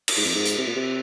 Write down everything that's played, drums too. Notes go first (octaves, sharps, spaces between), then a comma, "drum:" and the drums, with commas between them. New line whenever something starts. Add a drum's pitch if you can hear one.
drum: cymbal
G#2
F2
G#2
drum: hi-hat
C3
A#2
C3